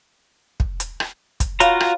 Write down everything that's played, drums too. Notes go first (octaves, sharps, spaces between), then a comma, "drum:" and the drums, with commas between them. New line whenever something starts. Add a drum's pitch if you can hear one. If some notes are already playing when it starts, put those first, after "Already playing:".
drum: kick
drum: hi-hat
drum: rim click
drum: kick, hi-hat
F4 F#4 C#5 F5 A#5 B5, drum: hi-hat
drum: rim click